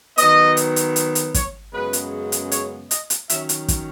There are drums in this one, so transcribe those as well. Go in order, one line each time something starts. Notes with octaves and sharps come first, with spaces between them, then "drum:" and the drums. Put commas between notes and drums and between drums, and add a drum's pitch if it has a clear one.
D#3 F#3 B3 D#5, drum: hi-hat
drum: hi-hat
drum: hi-hat
drum: hi-hat
drum: hi-hat
C#5, drum: kick, hi-hat
F#2 C#3 G#3 B3 B4
drum: hi-hat
drum: hi-hat
C#5, drum: hi-hat
D#5, drum: hi-hat
drum: hi-hat
D#3 F#3 C#4 E5, drum: hi-hat
drum: hi-hat
drum: kick, hi-hat